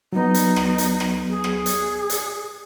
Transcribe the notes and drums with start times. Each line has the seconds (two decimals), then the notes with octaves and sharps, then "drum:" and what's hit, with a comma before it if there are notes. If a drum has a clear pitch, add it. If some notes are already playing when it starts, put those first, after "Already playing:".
0.13 F#3 B3 D#4
0.34 drum: hi-hat
0.56 drum: rim click
0.78 drum: hi-hat
1.00 drum: rim click
1.30 G#4
1.44 drum: rim click
1.66 drum: hi-hat
2.10 drum: hi-hat